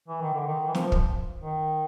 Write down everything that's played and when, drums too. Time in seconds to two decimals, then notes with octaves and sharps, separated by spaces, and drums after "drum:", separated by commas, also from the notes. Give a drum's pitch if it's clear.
0.08 E3
0.21 D#3
0.35 D3
0.46 D#3
0.68 E3
0.75 F3, drum: snare
0.92 drum: kick
1.42 D#3